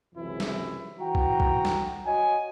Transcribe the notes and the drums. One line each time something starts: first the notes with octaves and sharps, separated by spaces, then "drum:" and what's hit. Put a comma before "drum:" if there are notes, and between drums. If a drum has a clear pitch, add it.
C#2 F#2 C3 E3 E4
drum: snare
E3 F#4 G5 A#5
drum: kick B1
drum: kick B1
drum: snare
F#4 C#5 D#5 G#5